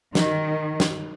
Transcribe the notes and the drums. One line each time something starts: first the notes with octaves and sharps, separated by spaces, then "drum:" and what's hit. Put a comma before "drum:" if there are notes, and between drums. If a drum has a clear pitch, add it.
D#3, drum: snare
drum: snare